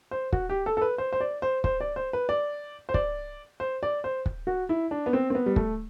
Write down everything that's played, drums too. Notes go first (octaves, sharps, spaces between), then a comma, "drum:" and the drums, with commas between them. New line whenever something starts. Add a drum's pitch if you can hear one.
C5
F#4, drum: kick
G4
A4
A4
B4
C5
C5
D5
C5
C5, drum: kick
D5
C5
B4
D5
C5
D5, drum: kick
C5
D5
C5
drum: kick
F#4
E4
D4
B3
C4
C4
B3
G3
A3, drum: kick